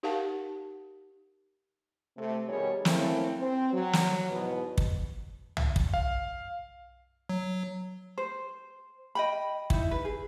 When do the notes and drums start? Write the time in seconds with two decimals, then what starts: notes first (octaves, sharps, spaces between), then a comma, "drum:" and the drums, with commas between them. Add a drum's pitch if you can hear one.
0.03 D#4 G4 A#4 F5 F#5 A5
2.16 C3 A3
2.46 B2 D#3 G3 G#4 C#5
2.85 A3 A#3 C4 C#4 E4, drum: snare
3.38 C4
3.72 F#3
3.93 drum: snare
4.29 E2 G#2 B2
4.78 drum: kick
5.57 drum: tom C2
5.76 drum: kick
5.94 F5
7.29 F#3
8.18 C5
9.15 D#5 G5 B5
9.70 D#4 E4, drum: kick
9.91 B4
10.05 G#4